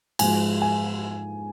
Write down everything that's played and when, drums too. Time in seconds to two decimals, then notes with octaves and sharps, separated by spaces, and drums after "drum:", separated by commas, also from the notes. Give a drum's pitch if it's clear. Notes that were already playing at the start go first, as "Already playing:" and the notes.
0.19 G#2 F3 G#3 G#5, drum: cymbal
0.62 G#5